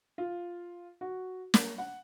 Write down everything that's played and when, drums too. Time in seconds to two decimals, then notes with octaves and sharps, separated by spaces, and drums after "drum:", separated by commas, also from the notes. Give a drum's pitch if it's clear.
0.18 F4
1.01 F#4
1.54 A#3, drum: snare
1.78 F#5